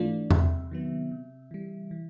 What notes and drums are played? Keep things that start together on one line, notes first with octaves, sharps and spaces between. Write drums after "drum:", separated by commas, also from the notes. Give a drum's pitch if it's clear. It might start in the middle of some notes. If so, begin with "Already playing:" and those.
Already playing: G#2 E3 A3 D4 F4 D5
C3 E5, drum: tom E2
D#3 F#3 B3
C3
E3 G3
E3